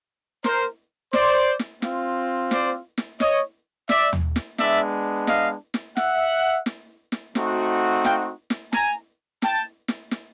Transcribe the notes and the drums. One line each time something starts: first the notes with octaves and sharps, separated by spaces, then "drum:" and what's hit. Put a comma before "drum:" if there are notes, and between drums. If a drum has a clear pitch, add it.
A#4 C5, drum: snare
C5 D5, drum: snare
drum: snare
C4 F4, drum: snare
C5 D5, drum: snare
drum: snare
C#5 D#5, drum: snare
D5 E5, drum: snare
drum: tom
drum: snare
G#3 B3 D4 D5 E5, drum: snare
D#5 F5, drum: snare
drum: snare
E5 F#5, drum: snare
drum: snare
drum: snare
A3 C4 D#4 F#4, drum: snare
F5 G5, drum: snare
drum: snare
G#5 A#5, drum: snare
G5 A5, drum: snare
drum: snare
drum: snare